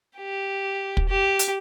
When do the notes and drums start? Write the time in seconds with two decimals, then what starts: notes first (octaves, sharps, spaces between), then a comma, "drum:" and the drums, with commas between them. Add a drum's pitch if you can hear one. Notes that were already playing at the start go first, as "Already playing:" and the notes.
0.17 G4
0.97 drum: kick
1.08 G4
1.39 drum: hi-hat